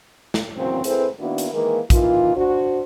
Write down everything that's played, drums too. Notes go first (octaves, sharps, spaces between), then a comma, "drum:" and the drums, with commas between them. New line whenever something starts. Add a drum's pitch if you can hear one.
drum: snare
A#2 C#3 E3 F#3 C4
C4 E4 G#4 A4 B4 C5, drum: hi-hat
D#3 A#3 B3 D4 E4 F#4
drum: hi-hat
D#3 E3 G#3 A#3
E3 A#3 D#4 F4, drum: kick, hi-hat
D4 F#4 C5